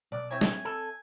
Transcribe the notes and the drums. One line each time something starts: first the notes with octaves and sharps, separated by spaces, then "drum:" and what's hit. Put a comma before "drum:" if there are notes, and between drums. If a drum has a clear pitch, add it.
B1 D5
C4 E4 C#5 G#5
drum: snare
A4